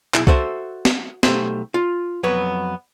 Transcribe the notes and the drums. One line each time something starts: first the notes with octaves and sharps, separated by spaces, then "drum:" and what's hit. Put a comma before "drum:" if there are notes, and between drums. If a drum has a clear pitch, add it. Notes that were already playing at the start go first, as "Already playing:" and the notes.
B1 E4 G#4 E5, drum: clap
F#4 A4 C5 E5, drum: kick C2
drum: snare
B1 C#3 A3 G4 C5, drum: snare
F4
F2 F#3 B3 B4 C#5